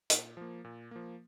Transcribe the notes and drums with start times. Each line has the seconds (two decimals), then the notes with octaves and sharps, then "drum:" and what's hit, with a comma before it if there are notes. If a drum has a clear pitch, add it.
0.10 A#2, drum: hi-hat
0.37 F3 A#3
0.65 A#2
0.91 F3 A#3